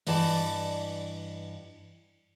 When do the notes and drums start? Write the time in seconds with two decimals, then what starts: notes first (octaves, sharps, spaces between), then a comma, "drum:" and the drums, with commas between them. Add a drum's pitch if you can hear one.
0.07 G2 E3 D5 D#5 A5, drum: open hi-hat